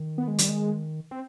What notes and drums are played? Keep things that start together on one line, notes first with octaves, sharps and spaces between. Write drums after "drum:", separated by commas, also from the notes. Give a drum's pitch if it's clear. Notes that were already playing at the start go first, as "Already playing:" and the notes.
Already playing: D#3
B3
G#3
G3, drum: hi-hat
G#3
C4